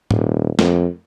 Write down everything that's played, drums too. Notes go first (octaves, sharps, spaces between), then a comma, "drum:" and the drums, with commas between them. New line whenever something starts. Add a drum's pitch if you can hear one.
D#1, drum: tom G#2
F2, drum: snare